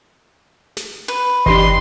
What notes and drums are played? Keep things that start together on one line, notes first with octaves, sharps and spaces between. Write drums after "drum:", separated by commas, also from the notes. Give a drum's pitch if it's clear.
drum: snare
B4
E3 D4 G4 D#5 C6, drum: kick F#1